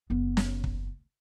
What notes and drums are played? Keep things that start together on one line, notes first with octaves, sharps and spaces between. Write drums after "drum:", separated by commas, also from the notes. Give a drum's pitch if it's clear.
F#1 B3
drum: snare
drum: kick